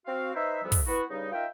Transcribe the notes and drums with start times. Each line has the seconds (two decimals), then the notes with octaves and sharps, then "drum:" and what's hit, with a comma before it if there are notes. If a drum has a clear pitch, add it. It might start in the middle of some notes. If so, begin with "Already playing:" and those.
0.05 C4 F#4 F5
0.34 D#4 B4 C5 E5
0.62 D2 G#2 F3 G3 B3 E5
0.72 drum: kick, open hi-hat
0.86 B3 E4 F#4
1.10 G2 C#3 G3 D#4
1.32 D#4 F4 A#4 E5 G5